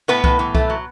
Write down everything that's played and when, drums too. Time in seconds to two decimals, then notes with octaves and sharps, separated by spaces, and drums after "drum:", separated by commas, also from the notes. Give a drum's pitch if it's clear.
0.08 A2 B3 B4
0.24 A2, drum: kick C2
0.39 E3
0.55 A3, drum: kick C2
0.70 F#3